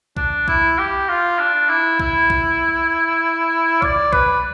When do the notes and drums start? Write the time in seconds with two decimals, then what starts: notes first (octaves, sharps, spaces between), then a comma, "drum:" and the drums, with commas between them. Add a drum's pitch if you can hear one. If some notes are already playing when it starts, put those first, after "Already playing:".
0.17 D4, drum: kick B1
0.48 E4, drum: kick B1
0.78 G4
1.08 F4
1.39 D4
1.69 E4
1.99 E4, drum: kick B1
2.30 drum: kick B1
3.82 D5, drum: kick B1
4.13 B4, drum: kick B1